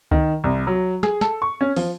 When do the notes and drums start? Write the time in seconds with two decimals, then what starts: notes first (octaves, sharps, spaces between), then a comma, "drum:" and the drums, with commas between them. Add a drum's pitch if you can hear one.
0.11 D#3, drum: kick C#2
0.44 C2
0.67 F#3
1.03 G#4, drum: snare
1.21 A4, drum: snare
1.42 C#6
1.61 C#4
1.76 F3, drum: open hi-hat